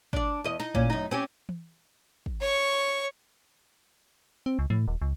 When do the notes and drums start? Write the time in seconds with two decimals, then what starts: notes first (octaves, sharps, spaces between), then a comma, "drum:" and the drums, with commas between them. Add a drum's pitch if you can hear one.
0.13 D4 D5, drum: kick
0.44 E2 D#5
0.60 D#4, drum: snare
0.75 A#2 C#4, drum: kick
0.90 F#2 D#4
1.11 C4 C#4 G4
1.49 drum: tom E3
2.26 drum: kick
2.40 C#5 C#6
4.46 C4
4.59 C#2
4.70 A2, drum: tom E3
4.88 D#1
5.02 C#2